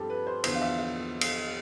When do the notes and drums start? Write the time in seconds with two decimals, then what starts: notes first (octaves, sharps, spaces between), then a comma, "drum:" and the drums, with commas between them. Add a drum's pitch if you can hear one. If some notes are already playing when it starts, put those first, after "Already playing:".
Already playing: G2 F3 C4 G4 A4
0.10 B4
0.27 C5
0.44 E2 D3 F3 B3 D4 C5, drum: cymbal
0.55 F5
0.61 E5
0.79 E5
1.21 drum: cymbal